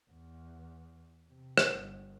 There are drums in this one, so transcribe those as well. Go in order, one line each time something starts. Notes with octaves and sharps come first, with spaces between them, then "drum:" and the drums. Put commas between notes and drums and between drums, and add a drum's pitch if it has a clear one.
E2
C3
drum: rim click
G1